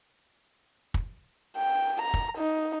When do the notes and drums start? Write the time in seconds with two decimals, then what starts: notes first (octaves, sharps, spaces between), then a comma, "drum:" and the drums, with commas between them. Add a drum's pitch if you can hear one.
0.94 drum: kick
1.57 G5
2.01 A#5
2.14 drum: kick
2.38 D#4